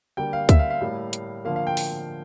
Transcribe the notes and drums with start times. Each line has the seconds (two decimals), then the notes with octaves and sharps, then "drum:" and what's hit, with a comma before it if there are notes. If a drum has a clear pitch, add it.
0.17 D3 G3 A#3 G5
0.33 F5
0.49 E5, drum: kick D2, hi-hat
0.59 F5
0.70 F5
0.81 A2 G3 A#3
1.13 drum: hi-hat
1.45 D3 F3 A#3 F5
1.56 F5
1.67 G5
1.77 drum: open hi-hat